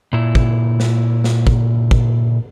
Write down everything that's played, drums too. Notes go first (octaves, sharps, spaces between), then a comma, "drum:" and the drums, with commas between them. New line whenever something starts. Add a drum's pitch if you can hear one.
A#2 E4
drum: kick
drum: snare
drum: snare
drum: kick
drum: kick